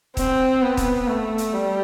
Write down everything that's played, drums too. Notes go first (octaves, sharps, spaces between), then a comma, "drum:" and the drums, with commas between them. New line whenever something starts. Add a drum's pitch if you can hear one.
C4, drum: kick D#1, hi-hat
B3
drum: kick D#1, hi-hat
A3
drum: hi-hat
G3